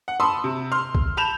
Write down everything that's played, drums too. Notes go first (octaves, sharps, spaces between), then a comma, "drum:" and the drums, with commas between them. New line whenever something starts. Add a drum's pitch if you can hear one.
F#5
A5 B5 C6 D#6 E6
C3
C6 F6
drum: kick B1
A5 B5 G6 E7 F7